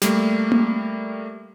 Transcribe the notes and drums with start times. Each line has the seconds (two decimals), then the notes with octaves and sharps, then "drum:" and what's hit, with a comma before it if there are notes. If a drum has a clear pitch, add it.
0.02 G3 A3 A#3, drum: snare
0.52 drum: tom A#3